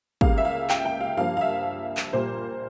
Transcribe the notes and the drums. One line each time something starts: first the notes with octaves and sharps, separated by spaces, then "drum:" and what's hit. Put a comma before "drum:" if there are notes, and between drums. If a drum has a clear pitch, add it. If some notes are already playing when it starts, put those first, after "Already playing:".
C#2 C#3 G3 A#3 F5, drum: kick
E5
F5
G5, drum: clap
G5
F5
G2 F3 A#3 F5
F5
E5
drum: clap
A#2 G3 A#3 C5